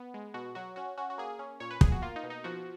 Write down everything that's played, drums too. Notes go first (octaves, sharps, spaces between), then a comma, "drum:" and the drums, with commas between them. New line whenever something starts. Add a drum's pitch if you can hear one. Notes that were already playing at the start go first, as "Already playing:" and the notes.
Already playing: B3
G#3
B2 F#4
F#3 F#4
C#4 F#4
C#4 F#4
F#4
A#3 G#4
C#4
A#2 C#5
B4
A#2 G#4, drum: kick
F#4
A#3 F4
D#4
B2
D#4
F3 F#4